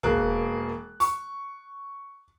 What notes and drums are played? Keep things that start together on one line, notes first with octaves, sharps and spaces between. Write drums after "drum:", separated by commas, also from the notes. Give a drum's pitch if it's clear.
E1 A#3 G#4 F#6, drum: kick
C#6, drum: open hi-hat